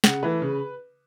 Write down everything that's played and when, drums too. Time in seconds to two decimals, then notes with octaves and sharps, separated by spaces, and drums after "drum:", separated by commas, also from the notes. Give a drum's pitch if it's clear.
0.04 C#3 F#5, drum: snare
0.23 E3 A3 B4
0.42 C#3